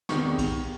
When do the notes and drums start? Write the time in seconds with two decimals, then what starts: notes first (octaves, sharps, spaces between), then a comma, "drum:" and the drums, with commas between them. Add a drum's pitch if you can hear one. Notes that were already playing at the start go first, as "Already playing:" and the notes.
0.09 E2 C3 D#3 G#3 C#6, drum: snare
0.38 drum: kick B1, cymbal